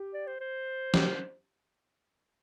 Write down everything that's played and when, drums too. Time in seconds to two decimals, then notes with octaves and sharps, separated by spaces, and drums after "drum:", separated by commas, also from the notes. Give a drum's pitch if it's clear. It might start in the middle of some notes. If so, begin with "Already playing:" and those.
Already playing: G4
0.14 D5
0.27 C5
0.41 C5
0.94 G4, drum: snare